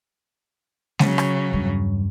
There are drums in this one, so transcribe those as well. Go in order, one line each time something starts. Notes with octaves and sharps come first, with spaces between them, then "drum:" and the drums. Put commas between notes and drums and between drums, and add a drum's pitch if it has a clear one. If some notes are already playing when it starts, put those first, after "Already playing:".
C#3 F#3, drum: snare
drum: rim click
E2 G2